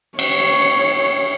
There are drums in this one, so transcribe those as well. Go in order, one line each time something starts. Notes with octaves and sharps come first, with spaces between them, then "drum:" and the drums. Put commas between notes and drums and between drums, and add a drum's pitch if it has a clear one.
C#5, drum: cymbal